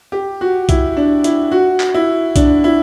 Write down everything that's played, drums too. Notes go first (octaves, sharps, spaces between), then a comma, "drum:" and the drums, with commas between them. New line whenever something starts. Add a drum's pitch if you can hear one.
G4
F#4
E4, drum: kick B1, hi-hat
D4
E4, drum: hi-hat
F#4
drum: clap
E4
D4, drum: kick B1, hi-hat
E4